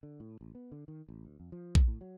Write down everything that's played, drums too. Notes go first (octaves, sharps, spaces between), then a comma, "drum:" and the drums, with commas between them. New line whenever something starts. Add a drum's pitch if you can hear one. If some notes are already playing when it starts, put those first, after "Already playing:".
D3
A2
A1
B3
D3
D#3
A1
D2
F2
F3
drum: kick A#1
A2
F#3